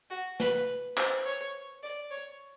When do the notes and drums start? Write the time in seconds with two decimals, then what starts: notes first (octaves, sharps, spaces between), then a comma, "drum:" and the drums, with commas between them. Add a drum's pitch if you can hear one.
0.10 F#4
0.40 B4, drum: snare
0.98 C5, drum: clap
1.26 C#5
1.83 D5
2.11 C#5